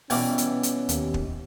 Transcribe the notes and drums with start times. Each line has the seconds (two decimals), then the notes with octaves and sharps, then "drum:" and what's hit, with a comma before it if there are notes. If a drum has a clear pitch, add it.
0.10 B2 E3 G3 C#4, drum: open hi-hat
0.38 drum: hi-hat
0.63 drum: hi-hat
0.89 D#2, drum: hi-hat
1.14 drum: kick